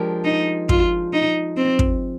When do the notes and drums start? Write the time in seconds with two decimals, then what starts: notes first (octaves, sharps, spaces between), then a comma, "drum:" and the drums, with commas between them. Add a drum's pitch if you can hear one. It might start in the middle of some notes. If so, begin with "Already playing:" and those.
Already playing: F3 G#3 D4 G4 A#4
0.25 D#4
0.69 F4, drum: kick
1.13 D#4
1.57 C4
1.79 drum: kick